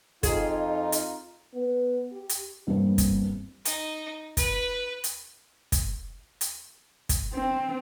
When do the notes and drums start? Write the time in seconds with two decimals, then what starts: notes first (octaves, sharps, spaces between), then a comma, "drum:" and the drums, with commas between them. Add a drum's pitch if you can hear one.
0.23 F2 D#4 F4 G#4, drum: kick, hi-hat
0.92 drum: hi-hat
1.54 B3
2.12 G4
2.29 drum: hi-hat
2.67 E2 G2 G3 A#3 C4
2.98 drum: kick, hi-hat
3.65 D#4, drum: hi-hat
4.37 B4, drum: kick, hi-hat
5.04 drum: hi-hat
5.72 drum: kick, hi-hat
6.41 drum: hi-hat
7.09 drum: kick, hi-hat
7.33 C4